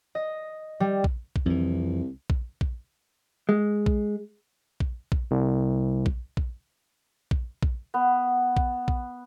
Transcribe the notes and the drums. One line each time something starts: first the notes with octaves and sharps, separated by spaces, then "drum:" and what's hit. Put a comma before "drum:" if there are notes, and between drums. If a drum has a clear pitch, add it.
D#5
G3
drum: kick A#1
drum: kick A#1
C2 F2 E3
drum: kick A#1
drum: kick A#1
G#3
drum: kick A#1
drum: kick A#1
drum: kick A#1
C2
drum: kick A#1
drum: kick A#1
drum: kick A#1
drum: kick A#1
B3
drum: kick A#1
drum: kick A#1